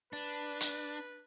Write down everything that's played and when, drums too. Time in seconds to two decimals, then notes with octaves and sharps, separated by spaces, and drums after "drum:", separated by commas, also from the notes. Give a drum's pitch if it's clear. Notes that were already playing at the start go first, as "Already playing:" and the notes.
0.13 D4 B4
0.61 drum: hi-hat